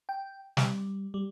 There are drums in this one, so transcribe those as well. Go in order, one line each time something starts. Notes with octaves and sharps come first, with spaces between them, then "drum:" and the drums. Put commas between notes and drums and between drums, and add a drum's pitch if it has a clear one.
G5
G3, drum: snare
G3